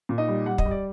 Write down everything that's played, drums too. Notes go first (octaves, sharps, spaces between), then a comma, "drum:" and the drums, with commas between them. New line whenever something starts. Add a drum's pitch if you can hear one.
A#2
D#4 D#5
G3
G3 F#5
D#5, drum: kick
G3
D5